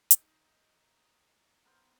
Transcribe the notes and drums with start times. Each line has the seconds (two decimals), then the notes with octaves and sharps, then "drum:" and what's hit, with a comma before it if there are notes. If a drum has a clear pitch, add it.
0.11 D#4, drum: hi-hat
1.65 B3 A#4 C5